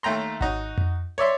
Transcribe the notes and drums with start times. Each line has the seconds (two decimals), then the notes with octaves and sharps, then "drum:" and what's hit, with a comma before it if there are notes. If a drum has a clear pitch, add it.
0.03 D#2 A3 G5 A#5 C6
0.41 D#4 F#4, drum: kick G#1
0.78 drum: tom F2
1.18 C#5 D5 E5 C6